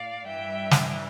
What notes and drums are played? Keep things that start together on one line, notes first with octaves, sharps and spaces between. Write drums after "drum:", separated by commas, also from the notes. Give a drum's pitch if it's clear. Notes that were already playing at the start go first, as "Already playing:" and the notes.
Already playing: A2 D5 F5
G2 E3 G3 E5 G5
drum: snare